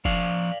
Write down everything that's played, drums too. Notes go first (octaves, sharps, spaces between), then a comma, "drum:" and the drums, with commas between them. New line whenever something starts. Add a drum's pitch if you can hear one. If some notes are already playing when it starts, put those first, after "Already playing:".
F3 D5 F5, drum: kick F1